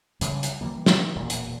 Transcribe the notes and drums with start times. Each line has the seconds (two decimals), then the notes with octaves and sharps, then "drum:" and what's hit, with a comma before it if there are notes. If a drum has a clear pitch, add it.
0.21 C#3 G3 G#3, drum: hi-hat
0.43 drum: hi-hat
0.61 E3 F#3 G3 A#3
0.86 drum: snare
1.15 E1 A#2
1.30 drum: hi-hat